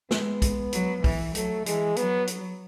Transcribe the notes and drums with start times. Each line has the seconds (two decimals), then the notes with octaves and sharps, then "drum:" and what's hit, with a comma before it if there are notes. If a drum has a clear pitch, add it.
0.11 G#3 B3, drum: snare
0.42 drum: kick B1, hi-hat
0.73 F#3, drum: hi-hat
1.04 E3, drum: kick B1, open hi-hat
1.35 F#3 A3, drum: hi-hat
1.66 E3 G#3, drum: hi-hat
1.96 F#3 B3, drum: hi-hat
2.27 drum: hi-hat